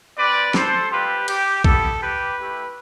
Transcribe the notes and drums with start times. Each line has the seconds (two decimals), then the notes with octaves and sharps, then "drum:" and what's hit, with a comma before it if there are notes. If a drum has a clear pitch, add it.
0.17 C4 G4 B4 D5
0.54 A4 C5, drum: snare
0.91 G3 C4 F4 G4 B4
1.28 G4, drum: cymbal
1.64 B3 E4 G4 A4, drum: kick B1
2.01 G4 B4
2.38 A3 E4 G4